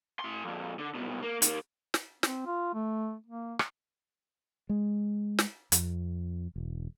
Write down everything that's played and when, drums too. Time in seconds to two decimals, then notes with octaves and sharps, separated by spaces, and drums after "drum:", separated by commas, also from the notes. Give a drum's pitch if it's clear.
0.19 A2 C6
0.45 F2 A#2
0.79 D3
0.95 C2 B2
1.22 A#3
1.42 D#3 A#3, drum: hi-hat
1.94 drum: snare
2.23 C4, drum: snare
2.46 F4
2.74 A3
3.26 A#3
3.59 drum: rim click
4.69 G#3
5.39 drum: snare
5.72 F2, drum: hi-hat
6.56 E1